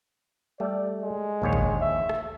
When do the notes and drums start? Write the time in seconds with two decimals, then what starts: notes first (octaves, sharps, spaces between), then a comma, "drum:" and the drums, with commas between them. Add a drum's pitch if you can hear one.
0.60 G3 A3 D5
1.03 G#3
1.42 A#1 D#2 C#5
1.53 drum: kick
1.81 E5
2.09 drum: rim click